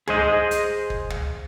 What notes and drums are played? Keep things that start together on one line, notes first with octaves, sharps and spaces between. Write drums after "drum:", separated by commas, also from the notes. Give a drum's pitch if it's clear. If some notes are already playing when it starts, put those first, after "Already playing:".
G#4 C5 D#5, drum: tom
drum: hi-hat
drum: kick
drum: tom